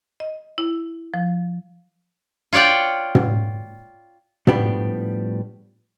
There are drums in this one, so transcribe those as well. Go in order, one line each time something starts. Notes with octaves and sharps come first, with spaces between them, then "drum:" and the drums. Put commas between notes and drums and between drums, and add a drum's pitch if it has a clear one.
D#5
E4
F3
F4 C#5 D5 F#5 G5
drum: tom
A2 F3 G3 B3 D4 G4, drum: tom